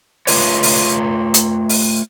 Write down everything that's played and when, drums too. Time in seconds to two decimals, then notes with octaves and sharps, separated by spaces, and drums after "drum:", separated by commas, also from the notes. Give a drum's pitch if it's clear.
0.27 A3 F4 B4 C#5, drum: open hi-hat
0.63 drum: open hi-hat
1.34 drum: hi-hat
1.69 drum: open hi-hat